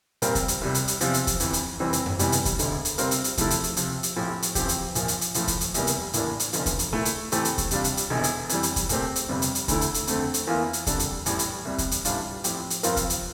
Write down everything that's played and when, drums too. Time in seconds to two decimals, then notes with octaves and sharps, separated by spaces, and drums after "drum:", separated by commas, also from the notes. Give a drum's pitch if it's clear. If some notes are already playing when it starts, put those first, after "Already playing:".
0.22 A#2 G3 C4 F4 A#4, drum: hi-hat
0.35 drum: kick D#2, hi-hat
0.48 drum: hi-hat
0.61 C2 C3 G3
0.75 drum: hi-hat
0.88 drum: hi-hat
1.01 E2 C3 F3 C4 F4, drum: hi-hat
1.14 drum: hi-hat
1.27 drum: kick D#2, hi-hat
1.40 G1 F2 E3, drum: hi-hat
1.53 drum: hi-hat
1.80 F1 F2 E3 G3 C4
1.93 drum: hi-hat
2.06 drum: tom F#2
2.19 F1 E2 C3 E3 G3, drum: hi-hat
2.32 drum: hi-hat
2.45 drum: kick D#2, hi-hat
2.59 E1 D2 D3, drum: hi-hat
2.85 drum: hi-hat
2.98 C3 G3 C4 F4 A#4, drum: hi-hat
3.11 drum: hi-hat
3.24 drum: hi-hat
3.37 C3 F3 A3 E4 A4, drum: kick D#2, hi-hat
3.50 drum: hi-hat
3.64 drum: hi-hat
3.77 C3 F3 C4, drum: hi-hat
4.03 drum: hi-hat
4.16 A#1 A2 F3 C4 G4
4.42 drum: hi-hat
4.55 A1 G2 F3 C4 G4, drum: kick D#2, hi-hat
4.69 drum: hi-hat
4.95 A#1 A#2 F3, drum: hi-hat
5.08 drum: hi-hat
5.21 drum: hi-hat
5.34 A1 A2 F3 A3, drum: hi-hat
5.48 drum: kick D#2, hi-hat
5.61 drum: hi-hat
5.74 F1 E2 C3 G3 A#3, drum: hi-hat
5.87 drum: hi-hat
6.13 A1 A2 E3 A#3 D4, drum: hi-hat
6.40 drum: hi-hat
6.53 F1 E2 D3 F3, drum: hi-hat
6.66 drum: kick D#2, hi-hat
6.79 drum: hi-hat
6.92 A#2 A3 E4 A4
7.05 drum: hi-hat
7.32 A2 E3 A3 C4 G4, drum: hi-hat
7.45 drum: hi-hat
7.58 drum: kick D#2, hi-hat
7.71 C3 G3 D4 F4, drum: hi-hat
7.84 drum: hi-hat
7.97 drum: hi-hat
8.10 E1 E2 D3
8.24 drum: hi-hat
8.49 F2 E3 G3, drum: hi-hat
8.63 drum: hi-hat
8.76 drum: kick D#2, hi-hat
8.89 A#2 A3 C4 G4, drum: hi-hat
9.16 drum: hi-hat
9.29 G1 F2 C3 G3
9.42 drum: hi-hat
9.55 drum: hi-hat
9.68 D2 D3 A3 E4, drum: kick D#2, hi-hat
9.81 drum: hi-hat
9.94 drum: hi-hat
10.07 F2 D3 A3 C4, drum: hi-hat
10.34 drum: hi-hat
10.47 E2 E3 A#3 F4
10.73 drum: hi-hat
10.87 F2 D3 G3 D4 A4, drum: kick D#2, hi-hat
10.99 drum: hi-hat
11.26 A1 A2 G3, drum: hi-hat
11.39 drum: hi-hat
11.65 C2 C3 G3
11.78 drum: kick D#2, hi-hat
11.91 drum: hi-hat
12.05 A1 A2 G3 D4 F4, drum: hi-hat
12.44 A2 F3 C4 G4, drum: hi-hat
12.70 drum: hi-hat
12.83 G2 F3 C4 F4 A#4, drum: hi-hat
12.97 drum: kick D#2, hi-hat
13.10 drum: hi-hat